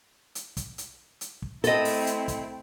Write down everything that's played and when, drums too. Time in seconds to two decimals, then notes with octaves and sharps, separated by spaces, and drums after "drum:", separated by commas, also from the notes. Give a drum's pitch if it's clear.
0.35 drum: hi-hat
0.57 drum: kick, hi-hat
0.78 drum: hi-hat
1.21 drum: hi-hat
1.42 drum: kick
1.64 A3 C4 E4 A4 D#5, drum: hi-hat
1.85 drum: open hi-hat
2.07 drum: hi-hat
2.28 drum: kick, hi-hat